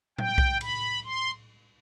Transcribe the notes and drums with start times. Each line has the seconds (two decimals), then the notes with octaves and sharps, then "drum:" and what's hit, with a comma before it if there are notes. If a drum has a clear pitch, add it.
0.18 G5, drum: tom A2
0.38 drum: kick B1
0.61 B5, drum: cymbal
1.05 C6